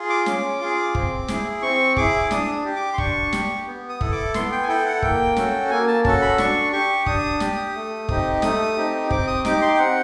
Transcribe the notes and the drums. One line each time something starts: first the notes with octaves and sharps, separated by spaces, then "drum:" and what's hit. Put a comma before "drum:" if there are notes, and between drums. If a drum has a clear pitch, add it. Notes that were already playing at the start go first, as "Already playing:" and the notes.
Already playing: F4 G#4
D6
C#4, drum: snare
F4 G#4
C4, drum: kick
E4 G#4, drum: snare
C4 C#6
E4 G#4 D6, drum: kick
D4 D#6, drum: snare
G4
D6
C6
D4 C#6, drum: kick
G4, drum: snare
B3
D#6
E4 A4, drum: kick
D6
B3 C6, drum: snare
G5
G#5
E4 A4 G5
F#5
A#3 G5, drum: kick
C#4 F#4 A4, drum: snare
A#3 G#5
A5
C#4 F#4 A4 A5, drum: kick
B5
D4 C#6, drum: snare
G4 C#6
D4 D#6, drum: kick
G4, drum: snare
A3
C4 D#4 G4, drum: kick
A3 D#6, drum: snare
C4 D#4 G4
C4 D6, drum: kick
D#6
D#4 G4 D6, drum: snare
C6
G5
C4 F#5